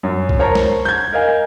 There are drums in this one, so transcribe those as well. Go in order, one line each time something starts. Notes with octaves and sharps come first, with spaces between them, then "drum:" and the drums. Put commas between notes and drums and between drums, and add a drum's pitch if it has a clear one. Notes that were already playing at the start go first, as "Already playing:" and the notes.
F#2
drum: kick B1
A#4 C5 C#5 A5 A#5
drum: snare
G6 G#6
A#4 D#5 F5 G#5